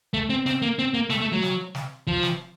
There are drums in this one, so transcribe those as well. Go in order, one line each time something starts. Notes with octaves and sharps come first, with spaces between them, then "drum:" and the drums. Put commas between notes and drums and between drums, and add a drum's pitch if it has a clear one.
A3, drum: kick
C4
C4, drum: snare
A#3
C4
A#3
A3, drum: snare
A3
F#3
drum: snare
drum: snare
F3, drum: kick
drum: snare